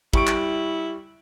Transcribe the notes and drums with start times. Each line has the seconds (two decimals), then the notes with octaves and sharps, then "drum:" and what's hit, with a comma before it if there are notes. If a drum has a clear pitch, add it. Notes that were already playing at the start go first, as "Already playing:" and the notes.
0.13 G3 E4 C#6 D7, drum: kick
0.27 drum: clap